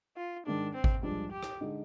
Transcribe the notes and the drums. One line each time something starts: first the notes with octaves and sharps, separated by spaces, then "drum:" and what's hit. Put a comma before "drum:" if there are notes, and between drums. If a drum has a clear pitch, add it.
F4
G#2 D#3 G#3 D4
C4
drum: kick G#1
G2 F3 G#3 D4
G4
drum: rim click
D3 G#3 D#4